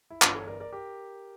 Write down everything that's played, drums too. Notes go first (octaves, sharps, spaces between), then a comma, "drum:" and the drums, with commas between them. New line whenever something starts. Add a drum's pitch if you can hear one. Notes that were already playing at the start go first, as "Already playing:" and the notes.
E4
G1 G2 E3 D4 F4, drum: clap
A4 C#5
A#4 D5
A#4 D5
G4 A#4